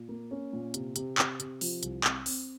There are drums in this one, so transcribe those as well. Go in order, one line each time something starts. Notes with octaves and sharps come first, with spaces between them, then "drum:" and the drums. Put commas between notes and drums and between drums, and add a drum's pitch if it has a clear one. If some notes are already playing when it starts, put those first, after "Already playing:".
Already playing: A#2
A#3
C#4
A#2
C3, drum: hi-hat
C3, drum: hi-hat
C3, drum: clap
C3, drum: hi-hat
F3, drum: open hi-hat
C2, drum: hi-hat
C4, drum: clap
C4, drum: open hi-hat